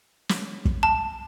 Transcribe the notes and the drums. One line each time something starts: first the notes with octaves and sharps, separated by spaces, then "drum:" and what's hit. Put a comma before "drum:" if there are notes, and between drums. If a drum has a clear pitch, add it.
drum: snare
drum: kick
A5